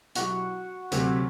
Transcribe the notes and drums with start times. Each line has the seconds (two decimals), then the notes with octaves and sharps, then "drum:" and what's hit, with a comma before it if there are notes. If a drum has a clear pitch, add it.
0.15 B2 F#3 B3 E4 F#4 G4, drum: hi-hat
0.92 D2 C3 F#3 C4 G4, drum: hi-hat